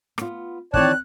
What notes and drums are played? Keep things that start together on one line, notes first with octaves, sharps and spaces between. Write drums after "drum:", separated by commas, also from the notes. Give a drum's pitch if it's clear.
B3 F4, drum: rim click
D#3 E3 C4 C#5 D5 A5 F#6, drum: kick